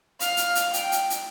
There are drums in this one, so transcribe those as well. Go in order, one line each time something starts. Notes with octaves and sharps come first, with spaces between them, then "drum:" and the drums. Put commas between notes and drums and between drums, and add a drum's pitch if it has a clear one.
F5, drum: hi-hat
drum: hi-hat
drum: hi-hat
G5, drum: hi-hat
drum: hi-hat
drum: hi-hat